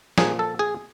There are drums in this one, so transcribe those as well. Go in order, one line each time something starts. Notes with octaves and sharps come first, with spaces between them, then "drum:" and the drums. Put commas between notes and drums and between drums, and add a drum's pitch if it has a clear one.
A#2 F3 A#3 G#4, drum: snare
A4
G#4